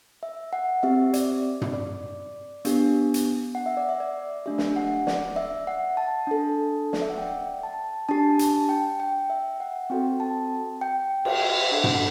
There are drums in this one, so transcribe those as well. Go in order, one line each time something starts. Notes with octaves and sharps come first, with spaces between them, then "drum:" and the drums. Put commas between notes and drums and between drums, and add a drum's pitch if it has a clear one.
E5
F#5
C4 G4 E5
D5, drum: hi-hat
drum: tom
D5
B3 D4 G4, drum: hi-hat
drum: hi-hat
F#5
E5
D5
E5
D5
A3 D4 G4 E5
drum: snare
F#5
D5, drum: snare
E5
F#5
A5
D4 A4
D5, drum: snare
E5
F#5
G5
A5
D4 G4 A5
A5, drum: hi-hat
G5
G5
E5
F#5
C4 F#4 A4 G5
A5
G5
drum: cymbal
D4 A4 F#5
drum: tom